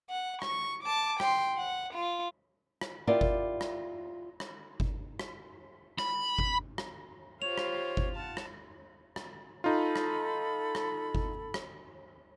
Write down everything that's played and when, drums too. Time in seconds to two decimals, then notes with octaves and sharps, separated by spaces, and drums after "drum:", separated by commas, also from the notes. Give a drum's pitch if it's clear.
0.10 F#5
0.42 C#6, drum: rim click
0.83 A5 D6
1.20 G5 C6, drum: rim click
1.58 F#5
1.94 F4
2.81 drum: rim click
3.07 E4 F4 G4 A#4 D5
3.21 drum: kick G1
3.61 drum: rim click
4.40 drum: rim click
4.80 drum: kick G1
5.19 drum: rim click
5.98 B5, drum: rim click
6.39 drum: kick G1
6.78 drum: rim click
7.42 F4 G4 C5 C#5 F7
7.58 drum: rim click
7.97 drum: kick G1
8.15 F4 F#5 A5
8.37 drum: rim click
9.16 drum: rim click
9.64 D#4 F4 A4 B5
9.96 drum: rim click
10.75 drum: rim click
11.15 drum: kick G1
11.54 drum: rim click